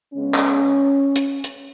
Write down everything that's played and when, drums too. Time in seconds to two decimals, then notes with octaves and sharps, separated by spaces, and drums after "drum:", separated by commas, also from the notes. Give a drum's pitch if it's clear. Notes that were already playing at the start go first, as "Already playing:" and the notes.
0.14 C#3 G#3 B3 C#4
0.34 drum: clap
1.16 drum: hi-hat
1.44 drum: hi-hat